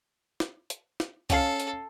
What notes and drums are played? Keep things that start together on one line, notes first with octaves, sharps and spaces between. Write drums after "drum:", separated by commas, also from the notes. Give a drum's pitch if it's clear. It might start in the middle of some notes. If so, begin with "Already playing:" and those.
drum: snare
drum: hi-hat
drum: snare
C#4 A4 F5 C7, drum: kick C2, hi-hat
drum: hi-hat